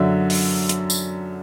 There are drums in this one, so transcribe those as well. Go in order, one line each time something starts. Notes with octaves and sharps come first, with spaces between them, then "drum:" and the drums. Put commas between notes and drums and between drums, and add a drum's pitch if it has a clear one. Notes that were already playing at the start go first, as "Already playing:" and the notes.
Already playing: F#2 D3 F#3 E5
drum: open hi-hat
drum: hi-hat
drum: tambourine